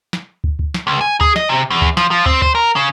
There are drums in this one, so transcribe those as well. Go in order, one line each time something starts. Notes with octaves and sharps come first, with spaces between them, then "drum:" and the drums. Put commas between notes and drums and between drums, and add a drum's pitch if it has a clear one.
drum: snare
drum: kick
drum: kick
drum: snare
C#2
G#5
G#4, drum: kick
D#5, drum: snare
C3
E2
drum: kick
F3, drum: snare
F3
C4, drum: kick
C5, drum: kick
A#4
C#3